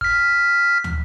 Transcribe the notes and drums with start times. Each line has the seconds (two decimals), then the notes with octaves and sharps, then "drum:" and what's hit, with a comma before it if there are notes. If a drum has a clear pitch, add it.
0.01 F6 B6, drum: kick
0.84 drum: tom